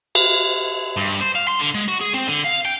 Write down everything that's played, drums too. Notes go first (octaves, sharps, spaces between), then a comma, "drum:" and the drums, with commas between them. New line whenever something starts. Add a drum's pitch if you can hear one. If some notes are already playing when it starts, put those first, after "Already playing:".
drum: cymbal
G2
C5
F5
C6
D3
G#3
F#4
G#4
C4
D3
F5
G5